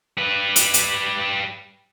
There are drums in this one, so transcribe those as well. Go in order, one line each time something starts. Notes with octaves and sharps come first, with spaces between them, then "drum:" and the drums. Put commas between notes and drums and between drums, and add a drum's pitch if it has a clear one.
G3 B4
drum: hi-hat
drum: hi-hat